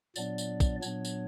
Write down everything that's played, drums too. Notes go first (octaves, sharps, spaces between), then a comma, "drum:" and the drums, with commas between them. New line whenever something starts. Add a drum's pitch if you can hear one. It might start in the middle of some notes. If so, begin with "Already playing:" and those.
A#2 F#3 B3 D4 D5, drum: tambourine
drum: tambourine
drum: kick, tambourine
A#2 F#3 B3 D4 C#5, drum: tambourine
drum: tambourine